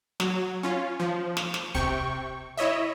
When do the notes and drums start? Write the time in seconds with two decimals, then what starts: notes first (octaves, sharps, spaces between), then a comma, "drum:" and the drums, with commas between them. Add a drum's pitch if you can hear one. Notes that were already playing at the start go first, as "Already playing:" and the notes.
0.20 F#3, drum: snare
0.63 C#4 F4
1.00 F3
1.37 drum: snare
1.54 drum: snare
1.75 C3 G5 C#6, drum: kick
2.57 E4 C#5 D#5 E5